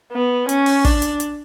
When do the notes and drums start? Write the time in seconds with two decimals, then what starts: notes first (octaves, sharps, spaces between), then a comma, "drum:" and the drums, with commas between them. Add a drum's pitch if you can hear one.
0.12 B3
0.49 C#4, drum: hi-hat
0.66 drum: open hi-hat
0.85 D4, drum: kick, open hi-hat
1.02 drum: hi-hat
1.20 drum: hi-hat